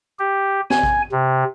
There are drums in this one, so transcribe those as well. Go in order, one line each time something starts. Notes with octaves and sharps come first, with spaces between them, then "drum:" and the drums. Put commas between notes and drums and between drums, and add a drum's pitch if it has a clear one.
G4
G#5, drum: snare
drum: kick A1
C3